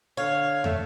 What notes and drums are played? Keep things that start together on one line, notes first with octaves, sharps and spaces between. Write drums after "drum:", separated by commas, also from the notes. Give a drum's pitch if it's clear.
D3 C#5 F5
A3, drum: tom